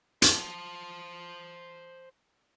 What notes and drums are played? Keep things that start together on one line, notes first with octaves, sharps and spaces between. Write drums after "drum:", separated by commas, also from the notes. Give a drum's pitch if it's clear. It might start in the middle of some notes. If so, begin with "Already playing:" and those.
C5 A5, drum: hi-hat